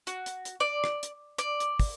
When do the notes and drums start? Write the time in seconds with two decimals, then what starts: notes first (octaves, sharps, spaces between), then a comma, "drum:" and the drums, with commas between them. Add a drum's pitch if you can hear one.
0.07 F#4, drum: hi-hat
0.26 drum: hi-hat
0.45 drum: hi-hat
0.60 D5
0.84 drum: rim click
1.03 drum: hi-hat
1.39 D5, drum: hi-hat
1.60 drum: hi-hat
1.79 drum: kick, open hi-hat